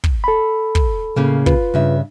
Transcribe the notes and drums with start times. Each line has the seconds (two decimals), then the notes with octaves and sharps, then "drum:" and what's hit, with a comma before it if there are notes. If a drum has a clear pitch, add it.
0.04 drum: kick
0.24 A4 B5
0.75 drum: kick
1.17 A2 C#3 A#3
1.46 F4 B4, drum: kick
1.74 G2 C#3 E5